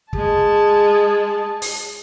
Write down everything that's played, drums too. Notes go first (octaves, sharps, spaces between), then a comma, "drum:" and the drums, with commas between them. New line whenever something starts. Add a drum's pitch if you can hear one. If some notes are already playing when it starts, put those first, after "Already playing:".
G#3 A5, drum: kick
drum: open hi-hat